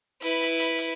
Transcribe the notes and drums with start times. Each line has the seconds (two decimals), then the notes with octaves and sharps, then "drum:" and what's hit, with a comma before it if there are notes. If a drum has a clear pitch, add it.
0.22 E4 B4, drum: hi-hat
0.41 drum: open hi-hat
0.60 drum: hi-hat
0.78 drum: hi-hat